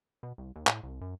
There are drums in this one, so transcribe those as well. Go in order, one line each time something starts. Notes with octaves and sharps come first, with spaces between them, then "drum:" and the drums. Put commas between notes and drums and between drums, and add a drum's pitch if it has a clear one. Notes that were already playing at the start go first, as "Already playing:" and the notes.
B2
C2
D#2
A2, drum: clap
C2
F#2